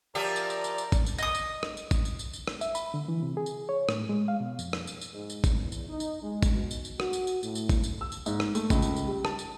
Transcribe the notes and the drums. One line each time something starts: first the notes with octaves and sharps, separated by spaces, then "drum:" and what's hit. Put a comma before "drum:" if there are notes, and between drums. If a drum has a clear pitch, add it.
F3 G4 A#4 D5 E5
drum: tambourine
drum: tambourine
drum: tambourine
drum: tambourine
drum: kick, tambourine
drum: tambourine
D#5 D#6, drum: tambourine
drum: tambourine
drum: rim click
drum: tambourine
drum: kick, tambourine
drum: tambourine
drum: tambourine
drum: tambourine
drum: rim click
E5, drum: tambourine
B5, drum: tambourine
D3
E3
C3
G#4
drum: tambourine
C#5
A2, drum: rim click
G#3
F5
B2
F2, drum: tambourine
drum: rim click
drum: tambourine
drum: tambourine
G#2
drum: tambourine
drum: kick, tambourine
E2
drum: tambourine
D#4
drum: tambourine
G#3
drum: kick, tambourine
B2
drum: tambourine
drum: tambourine
F#4, drum: rim click
drum: tambourine
drum: tambourine
A2, drum: tambourine
drum: tambourine
drum: kick, tambourine
drum: tambourine
E6
drum: tambourine
G#2, drum: tambourine
drum: rim click
A3, drum: tambourine
C#2, drum: kick, tambourine
drum: tambourine
drum: tambourine
G3
A5, drum: rim click
drum: tambourine